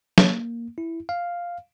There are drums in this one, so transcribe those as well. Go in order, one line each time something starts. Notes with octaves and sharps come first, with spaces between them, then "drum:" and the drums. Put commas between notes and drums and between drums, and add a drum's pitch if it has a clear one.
A#3, drum: snare F#3
E4
F5